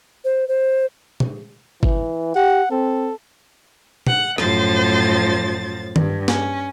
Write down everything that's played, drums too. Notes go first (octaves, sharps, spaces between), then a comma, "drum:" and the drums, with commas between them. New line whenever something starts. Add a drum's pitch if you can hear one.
C5
C5
drum: tom
E3, drum: kick G1
G4 F#5
C4 A4
F#5, drum: tom
F#2 A2 F3 C5 A6, drum: rim click
G2, drum: tom D#3
C#4, drum: snare